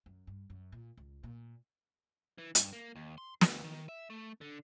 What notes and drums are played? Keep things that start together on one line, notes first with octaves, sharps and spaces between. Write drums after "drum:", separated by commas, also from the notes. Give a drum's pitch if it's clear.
F#2
G2
F#2
A#2
C#2
A#2
E3
G2, drum: hi-hat
A#3
D#2
C6
D2, drum: snare
D#3
E5
A3
D3